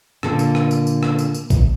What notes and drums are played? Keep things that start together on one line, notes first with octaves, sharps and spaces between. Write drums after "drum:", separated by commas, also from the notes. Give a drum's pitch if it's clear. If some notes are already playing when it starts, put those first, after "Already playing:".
A#2 D3 A#3 A4, drum: rim click
drum: tambourine
drum: rim click
drum: tambourine
drum: tambourine
drum: rim click
drum: tambourine
drum: tambourine
drum: kick A#1, tambourine